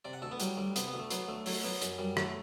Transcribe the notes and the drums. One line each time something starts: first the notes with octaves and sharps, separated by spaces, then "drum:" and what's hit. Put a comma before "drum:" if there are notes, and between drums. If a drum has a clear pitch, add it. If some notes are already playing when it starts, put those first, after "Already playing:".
C3 D5
F#5
D2 A4
B3
F#3 G3, drum: hi-hat
D2 G3
C3 B3, drum: hi-hat
B3
D2
A3
F#3 B3, drum: hi-hat
D2 A3
F#3 A3, drum: open hi-hat
F#3 B3
F#2, drum: hi-hat
F#2 G3
F#3 A3, drum: rim click